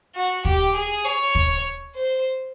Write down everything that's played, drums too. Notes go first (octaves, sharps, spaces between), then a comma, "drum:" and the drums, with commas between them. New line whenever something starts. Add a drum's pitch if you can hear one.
F#4
G4, drum: kick
G#4
C#5
drum: kick
C5